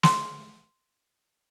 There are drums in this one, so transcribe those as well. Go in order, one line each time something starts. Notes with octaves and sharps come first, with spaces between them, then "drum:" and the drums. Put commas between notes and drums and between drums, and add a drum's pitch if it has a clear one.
C6, drum: snare